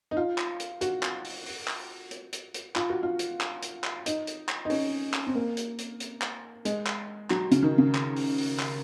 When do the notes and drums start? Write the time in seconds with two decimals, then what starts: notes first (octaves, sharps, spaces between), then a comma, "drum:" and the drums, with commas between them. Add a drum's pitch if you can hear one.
0.11 D#4
0.17 F4
0.38 drum: clap
0.60 drum: hi-hat
0.81 F#4, drum: hi-hat
1.03 drum: clap
1.24 drum: open hi-hat
1.46 drum: open hi-hat
1.68 drum: clap
2.11 drum: hi-hat
2.33 drum: hi-hat
2.54 drum: hi-hat
2.76 F4, drum: clap
2.90 F#4
3.03 F4
3.19 drum: hi-hat
3.41 drum: clap
3.62 drum: hi-hat
3.84 drum: clap
4.06 D#4, drum: hi-hat
4.27 drum: hi-hat
4.49 drum: clap
4.65 D#4
4.70 C#4, drum: open hi-hat
5.14 drum: clap
5.27 C4
5.35 A#3
5.57 drum: hi-hat
5.78 drum: hi-hat
6.00 drum: hi-hat
6.22 drum: clap
6.65 G#3, drum: hi-hat
6.87 drum: clap
7.30 F#3, drum: clap
7.51 C#3, drum: hi-hat
7.63 D#3
7.78 C#3
7.95 drum: clap
8.16 drum: open hi-hat
8.38 drum: open hi-hat
8.59 drum: clap